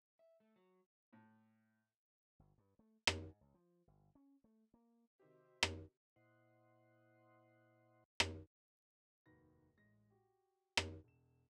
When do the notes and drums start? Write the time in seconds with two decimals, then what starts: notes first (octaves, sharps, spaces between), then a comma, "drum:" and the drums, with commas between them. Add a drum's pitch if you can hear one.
0.19 E5
0.40 A3
0.56 F#3
1.13 A2
2.39 G1
2.58 G2
2.79 A3
3.07 F#1, drum: rim click
3.27 G#2
3.41 C#2
3.54 F3
3.87 G1
4.15 C#4
4.44 A3
4.74 A#3
5.20 C3 D#3 F#4 G4 C5 D#5 E5
5.63 drum: rim click
6.16 A#2 E4 C5 D#5 F#5 C6
8.20 drum: rim click
9.26 F1 D#2 G#2 F#4 B4 A#6
9.77 A1 G#3 A#6
10.10 F#4 G4
10.77 drum: rim click
11.04 E1 E7